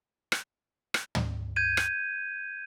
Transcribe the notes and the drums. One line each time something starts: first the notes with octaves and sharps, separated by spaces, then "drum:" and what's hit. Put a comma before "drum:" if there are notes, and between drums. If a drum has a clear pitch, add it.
drum: rim click
drum: rim click
drum: tom
G6 G#6 D#7
drum: rim click